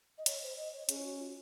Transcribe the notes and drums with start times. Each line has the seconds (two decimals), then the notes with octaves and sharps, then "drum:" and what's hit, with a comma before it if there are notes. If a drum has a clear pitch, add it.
0.18 D#5
0.26 C#5, drum: hi-hat
0.42 C5
0.57 D#5
0.73 C#5
0.89 C#4 G#4, drum: hi-hat
0.98 F4
1.04 F#4
1.20 F4